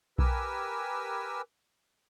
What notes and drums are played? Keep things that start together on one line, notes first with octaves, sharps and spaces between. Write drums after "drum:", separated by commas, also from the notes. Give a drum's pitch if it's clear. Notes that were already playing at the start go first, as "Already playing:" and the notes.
G4 A#4 B4 G#5 E6, drum: kick B1